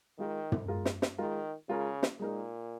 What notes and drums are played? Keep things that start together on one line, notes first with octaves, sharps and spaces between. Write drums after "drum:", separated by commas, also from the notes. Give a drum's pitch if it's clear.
D#3 G#3 F4 A#4
drum: tom
G#3 F4 A#4
drum: snare
drum: snare
D#3 G#3 F4 A#4
C#3 G#3 F4 A#4
drum: snare
A#2 G#3 D#4 A#4